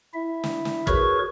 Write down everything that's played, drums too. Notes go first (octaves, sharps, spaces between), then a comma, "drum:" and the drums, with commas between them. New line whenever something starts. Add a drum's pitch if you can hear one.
E4 E5
drum: snare
drum: snare
F#4 G#4 A#4 B4 C#5 C#6, drum: kick